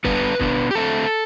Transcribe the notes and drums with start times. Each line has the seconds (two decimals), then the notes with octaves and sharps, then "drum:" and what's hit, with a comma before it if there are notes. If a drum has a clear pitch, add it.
0.04 D3 G3 B3 D4 B4, drum: kick
0.40 B2 B3 D4, drum: kick
0.71 G4
0.75 D3 A3 C4 A4